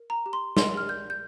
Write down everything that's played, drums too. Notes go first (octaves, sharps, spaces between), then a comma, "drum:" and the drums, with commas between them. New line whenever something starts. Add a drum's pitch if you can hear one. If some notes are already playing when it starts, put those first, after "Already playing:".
Already playing: A#4
A#5
G4
C6
A#4 C6, drum: snare
F6
D5 G6
G6